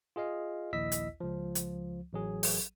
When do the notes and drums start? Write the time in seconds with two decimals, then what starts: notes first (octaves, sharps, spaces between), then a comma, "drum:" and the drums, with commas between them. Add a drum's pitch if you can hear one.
0.16 F4 G#4 D#5 F5
0.73 A#1 D#2 E4 D#5 E6 B6
0.92 drum: hi-hat
1.20 C#2 F3
1.55 drum: hi-hat
2.13 A1 F#3 G#4
2.43 drum: open hi-hat